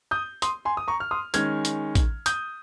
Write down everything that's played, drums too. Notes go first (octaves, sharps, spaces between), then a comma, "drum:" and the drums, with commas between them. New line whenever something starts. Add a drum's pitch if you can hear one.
D#6 G6
C6 D#6, drum: hi-hat
G#5 C6
D#6
A#5 C#6
F6
C6 D#6
D#3 G#3 C#4 F6 G#6, drum: hi-hat
drum: hi-hat
drum: kick, hi-hat
D#6 G6, drum: hi-hat